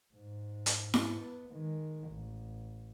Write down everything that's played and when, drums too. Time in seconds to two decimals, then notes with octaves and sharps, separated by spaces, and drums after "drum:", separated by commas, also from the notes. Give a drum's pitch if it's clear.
0.14 G#2
0.66 drum: hi-hat
0.94 drum: snare E4
1.18 B3
1.53 D#3 G#3
2.09 A1